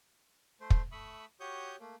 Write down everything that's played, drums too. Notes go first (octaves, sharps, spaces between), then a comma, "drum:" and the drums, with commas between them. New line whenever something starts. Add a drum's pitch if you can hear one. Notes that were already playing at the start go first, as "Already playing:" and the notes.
A3 C5
drum: kick
A3 E5 B5 C#6 D#6
F#4 G4 C#5 C#6 D#6 G6
A3 A#3